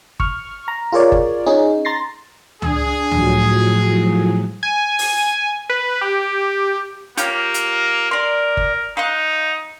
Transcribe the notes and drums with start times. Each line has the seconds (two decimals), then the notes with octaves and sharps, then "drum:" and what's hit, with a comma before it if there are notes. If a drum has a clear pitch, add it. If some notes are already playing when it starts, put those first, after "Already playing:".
0.20 C#6 F6, drum: kick G1
0.68 A#5
0.92 F4 G#4 A#4 C#5 D5
1.12 drum: kick G1
1.46 C#4 D#4 G#4
1.85 A#5 C6 A6 A#6 C7
2.62 D4 G#4, drum: tom C#2
3.11 A2 F3 F#3, drum: tom C#2
4.63 G#5
4.99 drum: open hi-hat
5.69 B4
6.01 G4
7.17 A#3 F4 G4 C#5, drum: hi-hat
7.54 drum: hi-hat
8.11 A#4 D5 C6
8.57 drum: kick G1
8.97 D#4 F5 C6 F#6